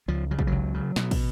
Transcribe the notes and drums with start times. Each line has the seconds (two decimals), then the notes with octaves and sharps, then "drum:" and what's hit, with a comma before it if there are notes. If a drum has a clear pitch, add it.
0.08 C#2 F3
0.31 C#3 F#3
0.39 G3, drum: kick
0.47 C#2 F#3
0.74 C#3
0.96 B2, drum: snare
1.11 drum: kick, cymbal